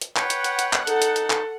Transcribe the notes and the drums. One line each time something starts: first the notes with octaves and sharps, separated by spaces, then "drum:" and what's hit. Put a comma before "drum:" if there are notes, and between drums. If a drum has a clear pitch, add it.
drum: hi-hat
B4 C#5 F#5 G5, drum: clap
drum: hi-hat
drum: hi-hat
drum: hi-hat
drum: clap
D#4 A4, drum: hi-hat
drum: hi-hat
drum: hi-hat
drum: clap